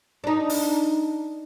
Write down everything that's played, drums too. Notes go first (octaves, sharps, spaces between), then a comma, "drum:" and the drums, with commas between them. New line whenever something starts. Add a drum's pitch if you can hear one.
D4 D#4
drum: open hi-hat